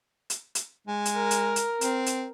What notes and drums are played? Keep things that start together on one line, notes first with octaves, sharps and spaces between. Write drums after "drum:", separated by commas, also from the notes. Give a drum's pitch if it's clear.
drum: hi-hat
drum: hi-hat
G#3
drum: hi-hat
A#4
drum: hi-hat
drum: hi-hat
C4, drum: hi-hat
drum: hi-hat